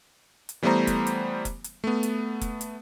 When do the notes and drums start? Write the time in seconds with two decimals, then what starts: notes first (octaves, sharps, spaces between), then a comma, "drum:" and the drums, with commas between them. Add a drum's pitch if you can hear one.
0.49 drum: hi-hat
0.62 E3 G3 A3 B3 C5 A#5
0.87 drum: kick F1, hi-hat
1.07 drum: hi-hat
1.45 drum: kick F1, hi-hat
1.64 drum: hi-hat
1.84 A3 B3
2.03 drum: hi-hat
2.41 drum: kick F1, hi-hat
2.61 drum: hi-hat